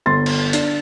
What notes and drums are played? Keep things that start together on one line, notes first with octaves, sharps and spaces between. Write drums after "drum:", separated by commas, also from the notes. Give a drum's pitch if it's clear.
G1 C6 A6
drum: cymbal
D4, drum: hi-hat